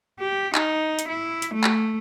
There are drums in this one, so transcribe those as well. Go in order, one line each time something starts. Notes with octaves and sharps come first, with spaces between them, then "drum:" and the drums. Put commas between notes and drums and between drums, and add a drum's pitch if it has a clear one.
G4
D#4, drum: clap
drum: hi-hat
E4
drum: hi-hat
A3
drum: clap